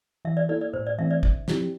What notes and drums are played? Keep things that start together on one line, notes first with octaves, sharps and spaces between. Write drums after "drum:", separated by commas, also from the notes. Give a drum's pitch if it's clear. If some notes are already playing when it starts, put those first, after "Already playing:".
E3 E5
D5
A#3 E4 A4 D5
D5
A2 C5
D5
E3 A3 C4 E5
D5
D3, drum: kick
F3 C4 E4 G4, drum: snare